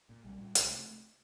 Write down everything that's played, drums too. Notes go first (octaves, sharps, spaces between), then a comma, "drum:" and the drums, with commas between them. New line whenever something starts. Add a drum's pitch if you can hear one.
A#2
B1 G3
A#2
C2 G#3, drum: hi-hat
C3 A3